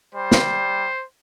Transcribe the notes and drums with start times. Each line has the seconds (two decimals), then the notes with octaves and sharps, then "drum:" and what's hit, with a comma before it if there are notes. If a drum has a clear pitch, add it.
0.15 G3 C5
0.31 drum: snare